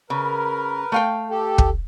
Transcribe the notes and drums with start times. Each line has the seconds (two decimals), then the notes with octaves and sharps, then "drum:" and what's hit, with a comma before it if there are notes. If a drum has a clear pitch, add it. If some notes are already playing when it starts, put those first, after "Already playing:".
0.10 C#3 A#4 B4
0.92 A3 F5 G5
1.30 G4 A4
1.58 drum: kick